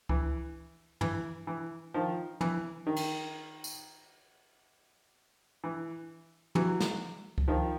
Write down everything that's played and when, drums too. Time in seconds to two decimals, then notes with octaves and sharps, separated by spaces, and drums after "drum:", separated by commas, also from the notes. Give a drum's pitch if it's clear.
0.09 E3, drum: kick C#2
1.01 E3, drum: tom
1.47 E3
1.94 D#3 F3
2.41 E3, drum: tom
2.87 D#3
2.96 drum: cymbal
3.64 drum: tambourine
5.64 E3
6.55 E3 F#3, drum: tom
6.80 drum: snare
7.38 drum: kick C#2
7.48 D#3 F3